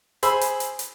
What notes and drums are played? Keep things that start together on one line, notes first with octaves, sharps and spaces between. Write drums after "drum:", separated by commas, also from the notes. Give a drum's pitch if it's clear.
G#4 C5 G#5 B5 E6, drum: hi-hat
drum: hi-hat
drum: hi-hat
drum: hi-hat